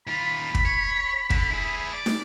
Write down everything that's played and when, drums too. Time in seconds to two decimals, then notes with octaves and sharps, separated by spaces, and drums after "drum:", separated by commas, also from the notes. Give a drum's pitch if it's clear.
0.07 D#2 F4 B5
0.54 drum: kick
0.66 C#5
1.30 D3, drum: kick
1.51 E4 G#4
1.93 D5
2.06 drum: snare